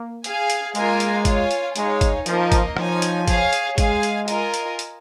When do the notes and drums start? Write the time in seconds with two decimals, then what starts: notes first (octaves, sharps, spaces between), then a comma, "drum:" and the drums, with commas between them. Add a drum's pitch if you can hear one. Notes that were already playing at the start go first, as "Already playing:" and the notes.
Already playing: A#3
0.24 G#4 F5 G#5, drum: hi-hat
0.50 drum: hi-hat
0.75 G#3 A#3 F4 A#4 F5 G#5, drum: hi-hat
1.00 drum: hi-hat
1.25 F4 C#5 F5 G#5, drum: kick, hi-hat
1.51 drum: hi-hat
1.76 G#3 D#4 C#5 F5 G#5, drum: hi-hat
2.01 drum: kick, hi-hat
2.26 F3 A#3 D#4 A#4 D#5, drum: hi-hat
2.52 drum: kick, hi-hat
2.77 F3 D#4 C#5 G#5, drum: rim click
3.02 drum: hi-hat
3.28 G#4 C#5 F5 G#5, drum: kick, hi-hat
3.53 drum: hi-hat
3.78 G#3 G#4 F5 G#5, drum: kick, hi-hat
4.03 drum: hi-hat
4.28 F4 A#4 D#5 G#5, drum: hi-hat
4.54 drum: hi-hat
4.79 drum: hi-hat